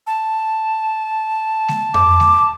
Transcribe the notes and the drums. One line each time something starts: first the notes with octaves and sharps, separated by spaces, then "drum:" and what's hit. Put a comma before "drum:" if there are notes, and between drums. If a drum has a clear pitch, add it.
A5
drum: snare G#3
D6, drum: tom F2
drum: snare G#3